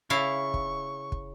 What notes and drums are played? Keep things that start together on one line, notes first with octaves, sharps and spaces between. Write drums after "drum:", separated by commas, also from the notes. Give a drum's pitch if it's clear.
C#3 E4 F5 C#6
drum: kick
drum: kick